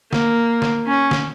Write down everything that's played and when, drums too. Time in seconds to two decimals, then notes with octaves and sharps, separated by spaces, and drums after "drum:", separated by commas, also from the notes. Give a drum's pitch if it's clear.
0.13 A#3, drum: snare
0.62 drum: snare
0.87 C#4
1.11 drum: snare